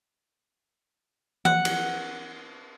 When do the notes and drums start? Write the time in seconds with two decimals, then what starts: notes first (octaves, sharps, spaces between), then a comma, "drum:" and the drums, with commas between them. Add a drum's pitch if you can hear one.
1.45 F#5, drum: tom E3
1.65 drum: cymbal